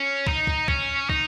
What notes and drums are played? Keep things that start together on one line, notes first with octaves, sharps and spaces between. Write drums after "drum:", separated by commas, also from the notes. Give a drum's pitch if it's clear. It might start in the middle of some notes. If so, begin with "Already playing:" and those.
Already playing: C#4
D#4, drum: kick
drum: kick
C#4, drum: kick
D#4, drum: kick